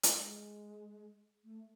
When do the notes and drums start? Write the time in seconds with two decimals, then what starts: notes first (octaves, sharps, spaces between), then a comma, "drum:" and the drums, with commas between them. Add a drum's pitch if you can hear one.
0.03 drum: hi-hat
0.16 G#3
1.44 A3